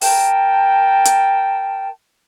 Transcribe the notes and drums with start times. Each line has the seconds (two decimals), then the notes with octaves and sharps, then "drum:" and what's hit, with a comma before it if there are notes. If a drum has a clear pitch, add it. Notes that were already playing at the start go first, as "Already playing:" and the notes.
0.01 A#4 G5 A5, drum: open hi-hat
1.05 drum: hi-hat